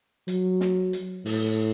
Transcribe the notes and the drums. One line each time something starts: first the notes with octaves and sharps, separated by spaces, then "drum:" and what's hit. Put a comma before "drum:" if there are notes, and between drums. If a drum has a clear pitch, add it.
F#3, drum: hi-hat
drum: snare
drum: hi-hat
A2, drum: open hi-hat